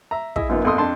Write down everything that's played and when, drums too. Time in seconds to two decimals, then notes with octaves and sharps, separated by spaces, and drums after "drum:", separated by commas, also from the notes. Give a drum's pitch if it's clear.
0.11 E5 A#5
0.36 E4 G#4 D#5 E5, drum: kick
0.49 F#2 A#3 B3 D#4 F4
0.64 A#1 F2 A4 C6 D#6
0.78 F2 D4 A5 C6